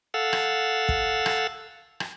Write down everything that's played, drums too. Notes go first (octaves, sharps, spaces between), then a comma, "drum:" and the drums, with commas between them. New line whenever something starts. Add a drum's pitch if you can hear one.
A4 F5 F#5 E6
drum: rim click
drum: kick
drum: rim click
drum: rim click